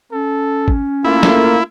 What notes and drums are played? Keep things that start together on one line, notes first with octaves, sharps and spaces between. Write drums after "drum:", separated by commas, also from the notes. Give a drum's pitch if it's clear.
C#4 A4
drum: kick G#1
A3 A#3 E4 F4
drum: snare